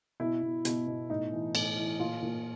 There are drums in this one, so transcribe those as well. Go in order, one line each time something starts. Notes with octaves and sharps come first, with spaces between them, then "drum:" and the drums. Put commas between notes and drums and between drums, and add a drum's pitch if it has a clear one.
B2 E4
B2
B2, drum: hi-hat
B2
A2 D#4
E3
A2, drum: cymbal
E3
A#2 F4
A#2